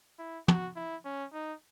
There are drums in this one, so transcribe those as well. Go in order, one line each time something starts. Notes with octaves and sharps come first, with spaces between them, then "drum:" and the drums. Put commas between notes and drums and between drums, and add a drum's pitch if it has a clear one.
E4
F#4, drum: tom
E4
C#4
D#4